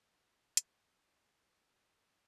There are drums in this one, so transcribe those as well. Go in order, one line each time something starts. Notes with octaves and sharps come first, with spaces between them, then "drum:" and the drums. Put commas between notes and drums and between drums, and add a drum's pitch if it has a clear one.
F#4 A#4
drum: hi-hat
G#4 B4
B3 D#4
A#3 C#4
B3